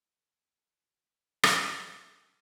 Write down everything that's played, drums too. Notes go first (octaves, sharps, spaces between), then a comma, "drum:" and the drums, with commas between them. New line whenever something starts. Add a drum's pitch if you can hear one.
C#4 A4
E3 F3
D3 D#4 E5
drum: rim click